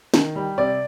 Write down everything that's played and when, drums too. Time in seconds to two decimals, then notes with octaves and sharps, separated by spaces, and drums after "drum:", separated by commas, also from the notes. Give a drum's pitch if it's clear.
0.14 D#3, drum: snare
0.35 G3
0.58 C3 D5